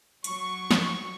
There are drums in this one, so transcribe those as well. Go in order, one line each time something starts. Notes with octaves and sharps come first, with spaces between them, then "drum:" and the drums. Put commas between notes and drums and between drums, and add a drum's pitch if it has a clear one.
F#3 C#6, drum: hi-hat
drum: snare